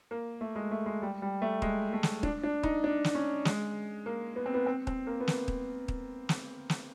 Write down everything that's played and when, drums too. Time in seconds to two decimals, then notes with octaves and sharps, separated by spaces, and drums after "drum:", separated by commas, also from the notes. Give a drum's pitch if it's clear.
0.11 A#3
0.41 A3
0.56 G#3
0.71 A3
0.86 G#3
1.02 G3
1.22 G3
1.42 A3
1.62 G#3, drum: kick
1.93 A3
2.03 drum: snare
2.23 D4, drum: kick
2.43 D4
2.63 D#4, drum: kick
2.84 D4
3.04 drum: snare
3.15 C#4
3.45 G#3, drum: snare
4.06 A#3
4.36 B3
4.46 C4
4.54 B3
4.66 C4
4.87 C4, drum: kick
5.07 A#3
5.21 B3
5.28 A#3, drum: snare
5.48 drum: kick
5.88 drum: kick
6.29 drum: snare
6.69 drum: snare